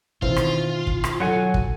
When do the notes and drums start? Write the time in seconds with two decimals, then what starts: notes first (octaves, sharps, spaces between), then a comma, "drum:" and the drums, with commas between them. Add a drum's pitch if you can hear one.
0.22 B2 D#3 E3 C4 F4, drum: kick
0.36 drum: rim click
0.87 drum: kick
1.04 drum: rim click
1.20 F#3 A4 F#5 G#5
1.54 drum: kick